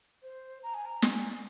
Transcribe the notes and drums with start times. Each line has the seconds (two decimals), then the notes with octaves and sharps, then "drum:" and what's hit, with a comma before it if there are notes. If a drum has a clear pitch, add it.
0.23 C5
0.63 A#5
0.74 G#5
0.85 A#5
1.02 G#5, drum: snare